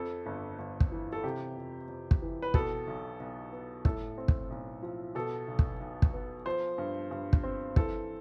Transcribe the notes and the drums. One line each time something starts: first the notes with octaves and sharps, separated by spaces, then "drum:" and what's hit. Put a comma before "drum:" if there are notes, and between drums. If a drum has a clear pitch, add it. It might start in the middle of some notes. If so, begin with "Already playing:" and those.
Already playing: F2 A4
G1
G1
drum: kick
E3
A4
C3 G4
F2
F2
drum: kick
E3
B4
B2 A4, drum: kick
B1
B1
B3
A2 A4, drum: kick
C4
drum: kick
B1
F3
B2 A4
B1
drum: kick
B1
drum: kick
B3
F3 C5
G2
G2
drum: kick
C4
E3 A4, drum: kick